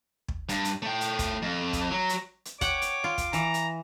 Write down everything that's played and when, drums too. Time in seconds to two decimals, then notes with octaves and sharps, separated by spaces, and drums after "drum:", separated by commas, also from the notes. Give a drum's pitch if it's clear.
0.28 drum: kick
0.49 G2, drum: hi-hat
0.65 drum: hi-hat
0.82 A3 G5
1.01 drum: hi-hat
1.19 drum: kick, hi-hat
1.42 F2
1.73 drum: kick, hi-hat
1.91 F#3
2.09 drum: hi-hat
2.45 drum: hi-hat
2.61 C#5 F#5 G5 D6, drum: kick, hi-hat
2.82 drum: hi-hat
3.04 F4
3.18 drum: kick, hi-hat
3.33 E3 A#5, drum: hi-hat
3.54 drum: hi-hat